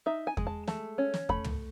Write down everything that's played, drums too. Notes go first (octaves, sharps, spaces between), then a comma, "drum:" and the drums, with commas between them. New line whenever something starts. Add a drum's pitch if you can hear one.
D#4 E5
G#5
G#3, drum: kick E2
A5
A3 A5, drum: snare
C#4
drum: snare
A3 B5, drum: kick E2
drum: tom